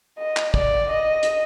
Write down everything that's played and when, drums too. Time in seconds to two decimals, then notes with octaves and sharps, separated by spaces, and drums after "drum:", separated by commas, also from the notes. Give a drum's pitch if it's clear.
0.18 D#5
0.37 drum: clap
0.54 D5, drum: kick
0.90 D#5
1.23 drum: hi-hat